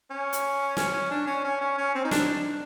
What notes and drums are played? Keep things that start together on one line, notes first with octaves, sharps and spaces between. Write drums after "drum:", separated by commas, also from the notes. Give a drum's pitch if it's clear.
C#4
drum: hi-hat
C#4, drum: snare
C#4
D4
C#4
C#4
C#4
C#4
C4
D#4
D4, drum: snare
D4